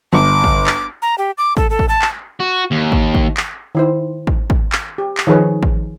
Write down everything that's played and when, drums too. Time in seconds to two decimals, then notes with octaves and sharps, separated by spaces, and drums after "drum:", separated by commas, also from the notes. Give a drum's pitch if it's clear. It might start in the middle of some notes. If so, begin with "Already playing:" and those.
0.13 G1 D6
0.44 drum: kick
0.66 drum: clap
1.02 A#5
1.18 G4
1.38 D6
1.57 A4, drum: kick
1.70 A4
1.79 drum: kick
1.89 A5
2.02 drum: clap
2.40 F#4
2.71 D#2
2.92 drum: kick
3.15 drum: kick
3.37 drum: clap
3.75 D#3 E4 C5
4.27 drum: kick
4.50 drum: kick
4.72 drum: clap
4.98 G4
5.17 drum: clap
5.27 D#3 F3 G#4 B4 C#5
5.63 drum: kick